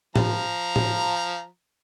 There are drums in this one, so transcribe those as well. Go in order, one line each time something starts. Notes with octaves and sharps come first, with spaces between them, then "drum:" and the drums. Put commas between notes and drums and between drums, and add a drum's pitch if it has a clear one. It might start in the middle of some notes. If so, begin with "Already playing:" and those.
F3 A#5, drum: tom A2
drum: tom A2